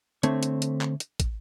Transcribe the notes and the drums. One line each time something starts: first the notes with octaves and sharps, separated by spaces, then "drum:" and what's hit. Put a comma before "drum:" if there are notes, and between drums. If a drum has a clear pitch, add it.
D3 A3 C4 C#5, drum: hi-hat
drum: hi-hat
drum: hi-hat
drum: clap
drum: hi-hat
drum: kick, hi-hat